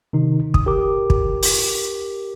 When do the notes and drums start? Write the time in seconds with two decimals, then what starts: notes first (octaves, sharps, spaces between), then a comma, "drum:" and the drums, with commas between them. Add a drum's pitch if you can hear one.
0.13 C3 D#3 D#4
0.54 D#6, drum: kick
0.66 G4 A#4 D6
1.10 drum: kick
1.43 drum: open hi-hat